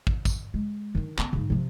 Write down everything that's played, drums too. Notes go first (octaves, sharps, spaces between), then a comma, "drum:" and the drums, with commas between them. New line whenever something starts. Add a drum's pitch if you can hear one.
drum: kick
drum: kick, tambourine
G#3
D#3 D4
B3 C#4, drum: clap
G#2 C#3
C3 F3